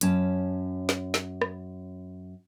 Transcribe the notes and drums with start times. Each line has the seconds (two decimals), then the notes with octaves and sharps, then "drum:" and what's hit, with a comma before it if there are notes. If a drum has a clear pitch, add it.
0.01 F#2 C#4 A5, drum: hi-hat
0.89 drum: snare
1.14 drum: snare
1.42 drum: rim click